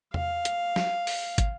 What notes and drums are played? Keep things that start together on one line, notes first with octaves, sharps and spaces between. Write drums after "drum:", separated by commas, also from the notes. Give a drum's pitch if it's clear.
F5, drum: tom E2
drum: hi-hat
drum: snare
drum: open hi-hat
drum: kick, hi-hat